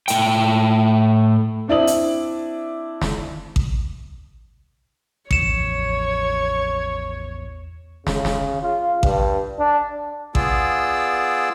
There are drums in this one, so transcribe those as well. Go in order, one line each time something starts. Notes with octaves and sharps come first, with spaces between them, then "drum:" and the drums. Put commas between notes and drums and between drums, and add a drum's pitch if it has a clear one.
A2 G5, drum: hi-hat
C4 D4 E4 D5 D#6 F#7
drum: hi-hat
drum: snare
drum: kick A1
A1 E2 F3 C#5 C#7 E7, drum: kick A1
C#3, drum: snare
drum: snare
F4
G2, drum: kick A1
D4
B3 F4 G#4 D5 E6, drum: kick A1